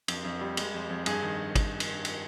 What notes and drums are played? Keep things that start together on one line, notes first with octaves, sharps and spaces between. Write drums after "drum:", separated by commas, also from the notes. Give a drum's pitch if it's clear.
F2, drum: cymbal
F2
G3
G#3, drum: cymbal
F2
F2
G2 G#4, drum: cymbal
D#3
drum: kick, cymbal
drum: cymbal
drum: cymbal